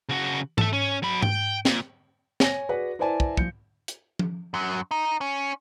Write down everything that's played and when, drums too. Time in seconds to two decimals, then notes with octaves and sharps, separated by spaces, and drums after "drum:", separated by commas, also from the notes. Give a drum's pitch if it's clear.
0.09 C#3 F#4
0.58 A4 E5, drum: tom G#2
0.73 C#4
1.02 F#3 B5
1.22 G5, drum: tom G#2
1.65 A#2, drum: snare
2.40 C#5 G#5 A#6, drum: snare
2.69 F#4 G#4 B4 D5 F#5
2.99 E4 B4 C5 D5 G#5 A5
3.20 drum: kick
3.37 F3 G6 C#7, drum: kick
3.88 drum: hi-hat
4.19 drum: tom F3
4.54 F#2 F#3
4.91 D#4
5.21 C#4